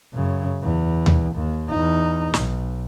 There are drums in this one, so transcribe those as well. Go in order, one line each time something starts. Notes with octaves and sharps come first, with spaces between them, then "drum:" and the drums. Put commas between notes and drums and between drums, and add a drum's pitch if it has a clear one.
F#2 C#3
E2
drum: tom D#2
D#2
E2 D#4
B1, drum: snare